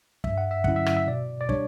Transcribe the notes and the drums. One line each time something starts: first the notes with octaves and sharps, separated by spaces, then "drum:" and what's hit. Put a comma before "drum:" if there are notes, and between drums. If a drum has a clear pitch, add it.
G2 E5, drum: kick
F#5
E5
D3 F#3 C#4 E4 F#5, drum: kick
E5
drum: rim click
E5
B2 D5
D5
G3 D4 C#5, drum: kick